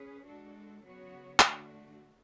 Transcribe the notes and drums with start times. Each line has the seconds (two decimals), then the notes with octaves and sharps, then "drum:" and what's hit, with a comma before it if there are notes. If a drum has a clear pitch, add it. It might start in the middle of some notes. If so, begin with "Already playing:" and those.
Already playing: C#4 G#4 B4
0.26 G#3 D4 F#4 A4
0.83 C#3 F#3 B3 F#4 C#5
1.40 D3 A3 D4 F#4, drum: clap